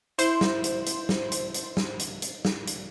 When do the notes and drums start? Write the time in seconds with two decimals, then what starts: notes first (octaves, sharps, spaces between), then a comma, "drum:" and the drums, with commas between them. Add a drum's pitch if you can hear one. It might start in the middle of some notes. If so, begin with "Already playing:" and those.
0.19 E4 C5, drum: hi-hat
0.41 drum: snare
0.64 drum: hi-hat
0.86 drum: hi-hat
1.09 drum: snare
1.32 drum: hi-hat
1.54 drum: hi-hat
1.77 drum: snare
1.99 drum: hi-hat
2.22 drum: hi-hat
2.45 drum: snare
2.67 drum: hi-hat